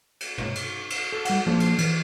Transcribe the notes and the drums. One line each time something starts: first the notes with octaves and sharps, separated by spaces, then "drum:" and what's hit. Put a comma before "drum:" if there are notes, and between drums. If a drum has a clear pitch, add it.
drum: cymbal
drum: tom
drum: cymbal
drum: cymbal
A4
G3 F#5, drum: cymbal
F3 A#3 D4 F4
drum: cymbal
E3, drum: cymbal